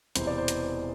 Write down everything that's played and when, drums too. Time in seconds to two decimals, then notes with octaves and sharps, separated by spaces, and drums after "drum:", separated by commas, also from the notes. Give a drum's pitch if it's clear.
0.16 E1 E2 C3 E3 C5, drum: hi-hat
0.27 D5
0.38 C5
0.48 drum: hi-hat